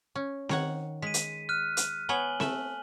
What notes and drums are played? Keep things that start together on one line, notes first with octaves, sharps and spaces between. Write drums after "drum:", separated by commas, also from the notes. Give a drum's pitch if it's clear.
C#4
D#3 C#5 F#5, drum: snare C4
G#3 B6 D#7
drum: hi-hat
F6 F#6 D#7
drum: hi-hat
B3 B4 C#5 G#5 F#7 G7
A3 E5, drum: snare C4